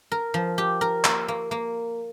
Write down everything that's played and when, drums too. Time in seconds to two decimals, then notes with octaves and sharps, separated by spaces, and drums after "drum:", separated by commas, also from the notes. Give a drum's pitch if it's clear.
0.12 A#4
0.34 F3
0.58 G4
0.81 A#4
1.05 A#3, drum: clap
1.28 A#3
1.51 A#3